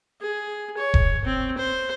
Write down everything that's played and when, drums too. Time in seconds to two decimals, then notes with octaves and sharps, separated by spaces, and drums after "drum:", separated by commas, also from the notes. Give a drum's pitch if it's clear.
0.21 G#4
0.77 C#5
0.94 drum: kick E1
1.25 C4
1.58 C5